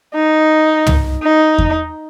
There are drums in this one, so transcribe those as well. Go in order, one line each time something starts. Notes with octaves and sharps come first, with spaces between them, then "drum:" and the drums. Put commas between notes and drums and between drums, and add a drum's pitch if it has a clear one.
D#4
drum: tom
D#4
drum: kick E2